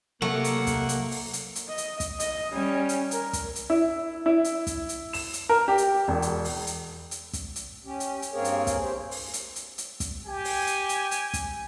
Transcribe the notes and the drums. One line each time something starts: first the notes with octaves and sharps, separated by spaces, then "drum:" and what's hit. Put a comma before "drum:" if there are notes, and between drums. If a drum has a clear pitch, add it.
C3 F#3 A3 A#3 F#5
drum: hi-hat
drum: kick, hi-hat
drum: hi-hat
drum: open hi-hat
drum: hi-hat
drum: hi-hat
D#5
drum: hi-hat
drum: kick, hi-hat
D#5, drum: hi-hat
G3 C#4
drum: hi-hat
A#4, drum: hi-hat
drum: kick, hi-hat
drum: hi-hat
E4
E4
drum: hi-hat
drum: kick, hi-hat
drum: hi-hat
E7, drum: open hi-hat
drum: hi-hat
A#4
G4
drum: hi-hat
E1
drum: hi-hat
drum: open hi-hat
drum: hi-hat
drum: hi-hat
drum: kick, hi-hat
drum: hi-hat
C#4 G4
drum: hi-hat
drum: hi-hat
G2 A#3 C4 G#4 A#4 C#5
drum: hi-hat
drum: kick, hi-hat
G4 C5
drum: open hi-hat
drum: hi-hat
drum: hi-hat
drum: hi-hat
drum: kick, hi-hat
G4 G#5
drum: open hi-hat
drum: hi-hat
drum: hi-hat
drum: hi-hat
drum: kick, hi-hat